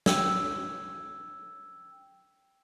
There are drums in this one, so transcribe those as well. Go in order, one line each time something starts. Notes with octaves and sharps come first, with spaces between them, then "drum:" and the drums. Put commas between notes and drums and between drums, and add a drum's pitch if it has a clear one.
G5 E6 G#6, drum: snare